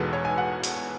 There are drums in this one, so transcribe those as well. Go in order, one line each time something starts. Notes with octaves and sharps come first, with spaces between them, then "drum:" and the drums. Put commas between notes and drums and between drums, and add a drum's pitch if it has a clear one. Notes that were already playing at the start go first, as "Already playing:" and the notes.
Already playing: E1 E2 B2 G#3 A4
C#5
G#5
F#5
drum: hi-hat